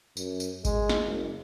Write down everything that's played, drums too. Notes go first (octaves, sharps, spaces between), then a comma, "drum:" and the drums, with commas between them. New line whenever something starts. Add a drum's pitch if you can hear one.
F#2, drum: tambourine
drum: tambourine
G#3, drum: kick G#1, tambourine
drum: snare
F#1